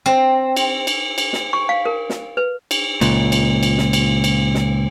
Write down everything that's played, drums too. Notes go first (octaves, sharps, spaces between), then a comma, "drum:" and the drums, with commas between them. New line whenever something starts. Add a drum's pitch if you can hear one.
C4
drum: cymbal
drum: cymbal
drum: cymbal
drum: snare
C#6
F5
A#4
drum: snare
B4
drum: cymbal
C#2 A#2, drum: cymbal
drum: cymbal
drum: cymbal
drum: snare
drum: cymbal
drum: cymbal
drum: snare